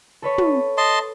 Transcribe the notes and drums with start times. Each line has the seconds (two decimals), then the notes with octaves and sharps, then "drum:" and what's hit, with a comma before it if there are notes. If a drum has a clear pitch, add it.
0.22 A4 B4 C#5
0.38 drum: tom
0.78 D#5 A5 C6